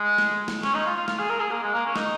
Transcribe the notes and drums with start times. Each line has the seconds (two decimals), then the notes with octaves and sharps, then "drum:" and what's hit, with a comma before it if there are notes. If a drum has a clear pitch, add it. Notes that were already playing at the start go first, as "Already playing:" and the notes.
Already playing: G#3
0.18 drum: snare
0.48 drum: snare
0.63 C#4, drum: snare
0.75 D#4
0.86 F4
0.96 F4
1.08 F4, drum: snare
1.19 G#4
1.30 A#4
1.40 G#4
1.51 A#3
1.63 G#3
1.74 A#3
1.86 C#4
1.96 D#4, drum: snare